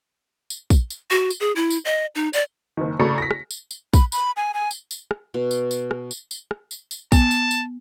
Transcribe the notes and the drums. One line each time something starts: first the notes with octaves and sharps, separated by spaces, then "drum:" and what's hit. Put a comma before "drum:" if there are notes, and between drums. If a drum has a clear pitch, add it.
drum: tambourine
drum: kick, tambourine
drum: tambourine
F#4
drum: tambourine
G#4
E4
drum: tambourine
D#5
D#4
D5, drum: tambourine
F#1 D#3
C#3 A3 D5 A#5 B5 C#7
A#6 B6
drum: rim click
drum: tambourine
drum: tambourine
B5, drum: kick, tambourine
B5, drum: tambourine
G#5
G#5
drum: tambourine
drum: tambourine
drum: rim click
B2
drum: tambourine
drum: tambourine
drum: rim click
drum: tambourine
drum: tambourine
drum: rim click
drum: tambourine
drum: tambourine
B3 A5, drum: kick, tambourine
drum: tambourine
drum: tambourine